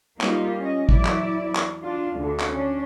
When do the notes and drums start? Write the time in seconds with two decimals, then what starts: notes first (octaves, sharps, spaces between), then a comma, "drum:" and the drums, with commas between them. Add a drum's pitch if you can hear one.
0.21 G3 A#3 D#4 F4 G4, drum: clap
0.59 C#4 D#5
0.89 E2 F#3 E4 D5, drum: kick
1.05 drum: clap
1.55 drum: clap
1.82 D4 F4
2.15 D2 D3
2.39 drum: clap
2.54 C#4 D4